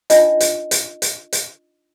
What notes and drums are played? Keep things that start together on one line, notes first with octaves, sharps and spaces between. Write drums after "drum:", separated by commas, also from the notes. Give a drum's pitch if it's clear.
D4 D#4 F4 D#5, drum: hi-hat
drum: hi-hat
drum: hi-hat
drum: hi-hat
drum: hi-hat